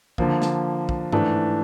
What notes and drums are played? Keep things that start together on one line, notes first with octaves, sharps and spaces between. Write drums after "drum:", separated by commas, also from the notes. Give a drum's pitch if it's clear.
D3 F3 A#3, drum: kick
drum: snare
drum: kick
G#2 E3 A3 D4, drum: tom G2